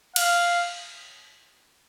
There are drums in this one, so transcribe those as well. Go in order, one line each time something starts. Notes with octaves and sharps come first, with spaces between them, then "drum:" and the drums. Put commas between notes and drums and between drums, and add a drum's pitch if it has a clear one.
F5, drum: cymbal